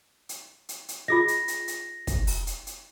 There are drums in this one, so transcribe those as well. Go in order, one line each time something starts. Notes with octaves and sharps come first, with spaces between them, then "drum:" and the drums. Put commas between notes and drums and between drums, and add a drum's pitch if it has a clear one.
drum: hi-hat
drum: hi-hat
drum: hi-hat
F4 G#4 D#5 A#6
drum: hi-hat
drum: hi-hat
drum: hi-hat
drum: kick, hi-hat
drum: open hi-hat
drum: hi-hat
drum: hi-hat